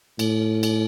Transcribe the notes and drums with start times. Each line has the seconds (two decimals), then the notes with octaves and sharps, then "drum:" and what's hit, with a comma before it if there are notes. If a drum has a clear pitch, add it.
0.19 A2, drum: cymbal
0.63 drum: cymbal